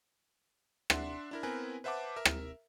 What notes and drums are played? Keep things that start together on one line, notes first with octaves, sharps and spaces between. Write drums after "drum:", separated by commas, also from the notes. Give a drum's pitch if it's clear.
D4 E5 F#5 C6, drum: rim click
D4 E4 A#4
B3 C4 E4 A#4 B4 G#5
B4 C5 E5 F#5 A5 D6
A#4 E5
drum: rim click